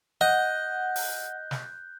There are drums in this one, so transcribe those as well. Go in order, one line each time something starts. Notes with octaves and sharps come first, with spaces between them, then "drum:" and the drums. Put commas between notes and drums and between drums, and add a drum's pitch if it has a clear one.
D#5 F#5 F#6 G6 G7
drum: open hi-hat
drum: snare